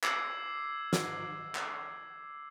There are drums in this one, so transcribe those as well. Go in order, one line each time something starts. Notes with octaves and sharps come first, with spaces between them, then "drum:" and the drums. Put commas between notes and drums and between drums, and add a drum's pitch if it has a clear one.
D6 E6 G#6 C7, drum: clap
drum: snare
drum: clap